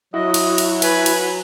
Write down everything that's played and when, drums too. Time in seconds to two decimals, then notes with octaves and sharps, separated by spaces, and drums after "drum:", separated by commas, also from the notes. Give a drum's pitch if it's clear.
0.14 F#3 E4 F#4 D#5
0.34 drum: cymbal
0.58 drum: cymbal
0.82 B4 G#5, drum: cymbal
1.06 drum: cymbal